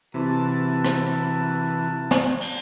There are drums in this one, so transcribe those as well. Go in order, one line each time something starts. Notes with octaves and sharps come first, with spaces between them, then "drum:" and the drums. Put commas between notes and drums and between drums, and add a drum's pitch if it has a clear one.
C3 E3 F#4 A#4 A5
drum: rim click
drum: snare
drum: cymbal